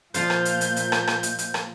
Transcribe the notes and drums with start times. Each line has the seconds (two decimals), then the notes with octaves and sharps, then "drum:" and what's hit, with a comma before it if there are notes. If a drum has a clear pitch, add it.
0.14 A#2 F3 F4 C5 G6, drum: hi-hat
0.30 drum: rim click
0.45 drum: hi-hat
0.61 drum: hi-hat
0.76 drum: hi-hat
0.92 drum: rim click
1.07 drum: rim click
1.23 drum: hi-hat
1.39 drum: hi-hat
1.54 drum: rim click